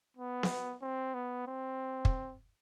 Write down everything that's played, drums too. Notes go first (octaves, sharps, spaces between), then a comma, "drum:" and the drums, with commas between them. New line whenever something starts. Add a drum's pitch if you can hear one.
B3
drum: snare B3
C4
B3
C4
drum: kick